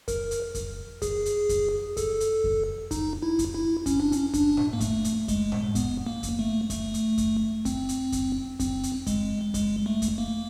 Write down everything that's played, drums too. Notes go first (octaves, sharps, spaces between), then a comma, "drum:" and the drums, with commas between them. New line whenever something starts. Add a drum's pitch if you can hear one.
A#4, drum: kick F2, hi-hat
drum: hi-hat
drum: kick F2, hi-hat
G#4, drum: kick F2, hi-hat
drum: hi-hat
drum: kick F2, hi-hat
A4, drum: kick F2, hi-hat
drum: hi-hat
drum: kick F2
D#4, drum: kick F2, hi-hat
E4
drum: kick F2, hi-hat
E4
C#4, drum: kick F2, hi-hat
D4
C#4, drum: hi-hat
D4, drum: kick F2, hi-hat
drum: tom A2
A#3
A3, drum: kick F2, hi-hat
drum: hi-hat
G#3, drum: kick F2, hi-hat
drum: tom A2
B3, drum: kick F2, hi-hat
A#3
drum: kick F2, hi-hat
A3
A3, drum: kick F2, hi-hat
drum: hi-hat
drum: kick F2, hi-hat
C4, drum: kick F2, hi-hat
drum: hi-hat
drum: kick F2, hi-hat
C4, drum: kick F2, hi-hat
drum: hi-hat
G#3, drum: kick F2, hi-hat
G#3, drum: kick F2, hi-hat
A3
drum: kick F2, hi-hat
A#3